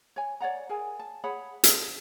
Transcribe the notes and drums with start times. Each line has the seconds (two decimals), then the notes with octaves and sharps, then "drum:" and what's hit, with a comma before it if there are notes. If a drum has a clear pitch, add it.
0.16 C#5 G#5
0.41 C#5 D5 F#5 A#5
0.69 G#4 A#4 G#5
0.99 A5
1.24 G#4 C#5 F#5 B5
1.64 G#4 A4 C5, drum: hi-hat